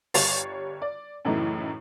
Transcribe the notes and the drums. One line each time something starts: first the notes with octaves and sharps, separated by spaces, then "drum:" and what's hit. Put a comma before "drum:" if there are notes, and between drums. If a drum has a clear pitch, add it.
G1 G3 C#5 C#6 A6 C7, drum: open hi-hat
D5
F#2 A2 C#3 E3 A3 D#4